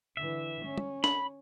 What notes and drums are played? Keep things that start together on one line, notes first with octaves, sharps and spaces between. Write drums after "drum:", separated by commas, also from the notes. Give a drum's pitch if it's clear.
D3 E3 E5
C#4
drum: tom
B5, drum: snare